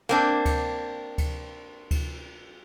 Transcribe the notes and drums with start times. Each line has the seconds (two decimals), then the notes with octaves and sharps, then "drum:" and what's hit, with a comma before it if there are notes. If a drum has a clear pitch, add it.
0.09 A#3 C4 D4
0.46 drum: kick D2, cymbal
1.18 drum: kick D2, cymbal
1.91 drum: kick D2, cymbal